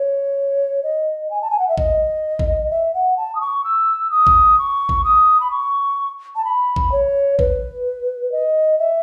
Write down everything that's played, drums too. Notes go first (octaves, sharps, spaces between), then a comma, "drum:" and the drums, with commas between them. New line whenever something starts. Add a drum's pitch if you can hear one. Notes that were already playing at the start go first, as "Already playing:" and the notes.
Already playing: C#5
D#5
G#5
A5
G#5
F#5
E5
D#5, drum: kick A1
drum: kick A1
E5
F#5
A5
D#6
C#6
E6
D#6
drum: kick A1
C#6
drum: kick A1
D#6
B5
C#6
A5
B5
drum: kick A1
C#5
B4, drum: kick A1
D#5
E5